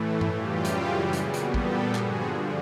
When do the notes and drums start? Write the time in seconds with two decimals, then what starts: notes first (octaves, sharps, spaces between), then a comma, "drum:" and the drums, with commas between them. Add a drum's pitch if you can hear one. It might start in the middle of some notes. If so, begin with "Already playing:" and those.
Already playing: A2 E3 A3
0.21 drum: tom G2
0.31 F#2 C#3 E3 G3 F4 G4
0.65 drum: hi-hat
1.13 A#2 G3 B3 F#4 G#4, drum: hi-hat
1.34 drum: hi-hat
1.54 G4 A4, drum: kick
1.95 G2 D3 F3 F#4 G#4, drum: clap